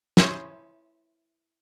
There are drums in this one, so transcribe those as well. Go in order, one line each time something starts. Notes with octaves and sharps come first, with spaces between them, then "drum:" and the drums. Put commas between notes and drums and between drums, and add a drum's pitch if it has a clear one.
E4 C5 C#5 G#5 C6 D#6, drum: snare